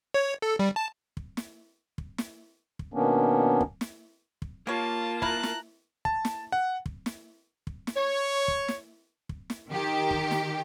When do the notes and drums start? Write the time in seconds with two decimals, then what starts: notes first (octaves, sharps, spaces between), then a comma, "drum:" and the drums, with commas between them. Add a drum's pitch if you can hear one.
0.14 C#5
0.42 A4
0.59 G3
0.76 A5
1.17 drum: kick
1.37 drum: snare
1.98 drum: kick
2.18 drum: snare
2.79 drum: kick
2.94 B2 D#3 A#3 B3 C#4 D4
3.61 drum: kick
3.81 drum: snare
4.42 drum: kick
4.67 A#3 F4 G4 C#5 A5
5.22 E4 A#4 A#5 F#6, drum: kick
5.43 drum: snare
6.05 A5, drum: kick
6.25 drum: snare
6.52 F#5
6.86 drum: kick
7.06 drum: snare
7.67 drum: kick
7.87 drum: snare
7.96 C#5
8.48 drum: kick
8.68 drum: snare
9.29 drum: kick
9.50 drum: snare
9.69 D#3 G4
10.11 drum: kick
10.31 drum: snare